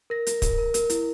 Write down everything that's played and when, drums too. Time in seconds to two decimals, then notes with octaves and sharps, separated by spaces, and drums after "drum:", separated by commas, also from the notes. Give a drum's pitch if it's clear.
0.10 A#4 A#6
0.27 A#4, drum: hi-hat
0.42 A#4, drum: kick, hi-hat
0.58 A#4
0.74 A#4, drum: hi-hat
0.90 E4, drum: hi-hat